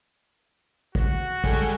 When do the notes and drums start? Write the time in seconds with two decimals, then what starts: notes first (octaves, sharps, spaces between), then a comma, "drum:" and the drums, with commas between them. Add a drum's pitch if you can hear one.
0.95 F#4, drum: kick
1.44 G3 G#3 A4, drum: kick